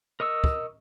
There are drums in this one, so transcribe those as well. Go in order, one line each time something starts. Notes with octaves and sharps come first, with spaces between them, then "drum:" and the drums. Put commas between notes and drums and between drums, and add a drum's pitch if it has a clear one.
A#4 D#5 C#6 E6
drum: kick